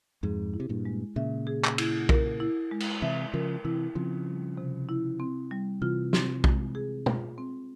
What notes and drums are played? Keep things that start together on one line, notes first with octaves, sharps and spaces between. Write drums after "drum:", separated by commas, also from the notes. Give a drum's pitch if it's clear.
F2 G#2 G#4
E4
C3
G2 A#2
G#3
A#2 C#3 E5
G#4
drum: clap
E4, drum: cymbal
A#4, drum: kick B1
E4
G#3
drum: cymbal
C3 E3 E5
C#3 F3 A#4
C3 E3 E4
C#3 F3 C4
G3
C3
E4
C4
G3
C3 E3 F4
C4, drum: snare
G#3, drum: kick B1
G#4
F4, drum: tom
C4